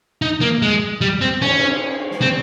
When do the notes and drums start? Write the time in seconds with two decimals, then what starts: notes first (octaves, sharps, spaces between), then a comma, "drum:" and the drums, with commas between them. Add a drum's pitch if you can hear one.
0.22 D#4
0.41 A#3
0.62 G#3
1.01 G3
1.21 C4
1.42 C#4, drum: cymbal
2.11 drum: snare
2.22 C4